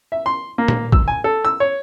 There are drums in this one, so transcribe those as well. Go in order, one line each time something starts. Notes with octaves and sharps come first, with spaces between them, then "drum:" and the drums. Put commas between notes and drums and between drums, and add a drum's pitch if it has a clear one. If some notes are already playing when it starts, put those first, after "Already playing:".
E5
C6
A#3
drum: tom A#2
E6, drum: kick
G#5
A4
E6
C#5